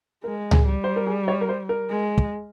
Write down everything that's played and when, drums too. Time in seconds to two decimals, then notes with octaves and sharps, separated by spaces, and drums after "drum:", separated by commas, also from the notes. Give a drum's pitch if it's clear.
0.24 G#3 A#4
0.51 G#4, drum: tom C#2
0.66 G3
0.84 C5
0.96 A#4
1.07 G#4
1.28 C#5
1.41 A#4
1.49 C5
1.69 A#4
1.90 G#3
2.18 drum: kick